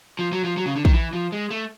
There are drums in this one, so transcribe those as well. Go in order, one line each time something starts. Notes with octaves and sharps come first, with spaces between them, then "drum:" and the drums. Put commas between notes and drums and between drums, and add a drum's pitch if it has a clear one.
F3
F#3
F3
F#3
C#3
D3
D#3, drum: kick
E3
F3
G#3
A3